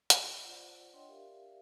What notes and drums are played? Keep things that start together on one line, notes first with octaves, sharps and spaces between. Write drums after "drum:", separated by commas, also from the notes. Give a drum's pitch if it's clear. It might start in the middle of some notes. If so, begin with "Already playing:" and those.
drum: hi-hat
F4 C5 D5 F#5
D4 C#5 D#5 F#5 G5 C6
G4 A#4 D5 E5 F5